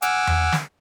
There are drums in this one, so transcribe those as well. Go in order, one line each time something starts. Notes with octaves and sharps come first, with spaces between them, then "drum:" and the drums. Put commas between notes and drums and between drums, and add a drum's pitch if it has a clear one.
F#5 G#5 D6 E6 F6, drum: hi-hat
drum: tom E2
drum: snare